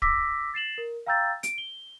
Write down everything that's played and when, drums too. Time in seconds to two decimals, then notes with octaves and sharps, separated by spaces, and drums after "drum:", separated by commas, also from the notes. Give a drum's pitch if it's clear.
0.02 D6 E6 A#6 B6, drum: kick
0.54 A6 C7 E7 F#7
0.78 A#4
1.06 F5 G5 A#5 E6 G6 A6
1.43 D7, drum: hi-hat
1.58 G7